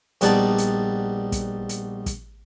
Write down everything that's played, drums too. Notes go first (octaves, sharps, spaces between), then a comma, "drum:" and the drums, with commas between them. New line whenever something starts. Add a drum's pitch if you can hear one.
A#1 G3 B3 D#4 D5 A5, drum: hi-hat
drum: hi-hat
drum: kick, hi-hat
drum: hi-hat
drum: kick, hi-hat